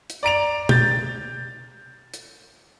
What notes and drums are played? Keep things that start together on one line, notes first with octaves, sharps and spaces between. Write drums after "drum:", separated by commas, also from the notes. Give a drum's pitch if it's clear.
drum: hi-hat
D5 A#5 D7 F7
G6 A6, drum: tom
drum: hi-hat